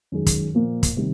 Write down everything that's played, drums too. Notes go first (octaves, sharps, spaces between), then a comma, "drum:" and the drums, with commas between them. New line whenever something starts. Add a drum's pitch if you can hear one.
F#2 D#3 G#3
drum: kick, hi-hat
A#2 F3 A#3
drum: kick, hi-hat
C3 D#3 G3